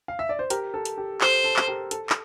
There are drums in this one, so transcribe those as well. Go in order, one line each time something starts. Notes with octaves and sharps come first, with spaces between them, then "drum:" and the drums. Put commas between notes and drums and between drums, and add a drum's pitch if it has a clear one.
F5
E5
D5
C5
G4 A#4, drum: hi-hat
A4
drum: hi-hat
G4
A4 C5, drum: clap
A4
drum: clap
G4 A#4
A4, drum: hi-hat
drum: clap